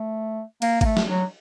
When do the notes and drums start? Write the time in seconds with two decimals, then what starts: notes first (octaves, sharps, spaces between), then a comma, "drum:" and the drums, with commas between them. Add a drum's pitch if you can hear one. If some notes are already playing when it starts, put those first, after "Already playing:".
Already playing: A3
0.62 A#3, drum: cymbal
0.81 A#3, drum: kick G#1, cymbal
0.85 A3
0.97 drum: snare
1.08 F#3